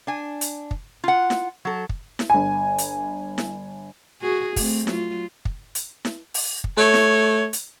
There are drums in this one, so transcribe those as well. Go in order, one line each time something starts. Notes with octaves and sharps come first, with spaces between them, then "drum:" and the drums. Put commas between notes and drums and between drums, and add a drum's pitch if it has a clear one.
D4 G#5
drum: hi-hat
drum: kick
F4 F#5
drum: snare E4
F#3 A4
drum: kick
drum: snare E4
G1 G#5
drum: hi-hat
drum: snare E4
F#4 G#4
A3 C4, drum: kick, open hi-hat
F#3 F4, drum: snare E4
drum: kick
drum: hi-hat
drum: snare E4
drum: open hi-hat
drum: kick
A3 C#5
drum: snare E4
drum: hi-hat